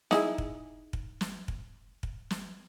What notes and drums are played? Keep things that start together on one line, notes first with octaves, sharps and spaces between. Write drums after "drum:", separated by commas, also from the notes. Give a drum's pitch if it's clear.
D#4 E4 G#4, drum: snare
drum: kick
drum: kick
drum: snare
drum: kick
drum: kick
drum: snare